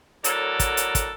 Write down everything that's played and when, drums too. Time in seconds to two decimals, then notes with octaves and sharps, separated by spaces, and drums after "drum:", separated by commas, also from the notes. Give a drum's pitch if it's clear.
0.24 A2 F#3 A4 A#4 D5 F#5, drum: hi-hat
0.60 drum: kick, hi-hat
0.77 drum: hi-hat
0.95 drum: kick, hi-hat